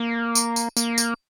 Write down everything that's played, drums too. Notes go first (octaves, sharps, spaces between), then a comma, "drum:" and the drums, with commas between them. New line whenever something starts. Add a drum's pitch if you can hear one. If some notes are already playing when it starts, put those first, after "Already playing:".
Already playing: A#3
drum: tambourine
drum: tambourine
A#3, drum: tambourine
drum: tambourine